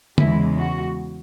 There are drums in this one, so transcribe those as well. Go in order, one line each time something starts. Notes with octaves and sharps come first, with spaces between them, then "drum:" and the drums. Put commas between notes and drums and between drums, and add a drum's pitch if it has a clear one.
E2 C#3 G#3 E4, drum: tom D3
F#4